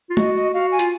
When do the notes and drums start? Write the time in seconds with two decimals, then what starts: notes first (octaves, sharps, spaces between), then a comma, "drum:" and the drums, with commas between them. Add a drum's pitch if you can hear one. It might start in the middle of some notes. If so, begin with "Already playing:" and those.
0.10 F4
0.17 F#4 D#5, drum: tom
0.35 D#5
0.54 F#4 F5
0.72 G#5
0.79 F4, drum: hi-hat